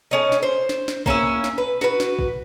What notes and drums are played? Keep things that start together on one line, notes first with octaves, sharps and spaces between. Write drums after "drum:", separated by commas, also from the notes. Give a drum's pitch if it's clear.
A3 C#4 D#4
drum: snare
C5
drum: snare
drum: snare
A#3 C#4 E4 E5, drum: kick
drum: snare
B4
F#4 B4, drum: snare
drum: snare
drum: kick